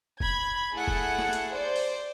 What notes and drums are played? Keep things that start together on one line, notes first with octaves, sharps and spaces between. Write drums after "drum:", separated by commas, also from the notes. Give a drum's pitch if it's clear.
B5 G#6, drum: kick F1
A3 E4 G#4 A4 F#5
drum: kick F1
drum: snare
drum: hi-hat
C5 D5
drum: open hi-hat